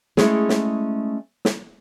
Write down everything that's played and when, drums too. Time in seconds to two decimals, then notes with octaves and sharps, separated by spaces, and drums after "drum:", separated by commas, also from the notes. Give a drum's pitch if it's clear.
0.17 G#3 A3 C#4 E4 G#4, drum: snare
0.49 drum: snare
1.45 drum: snare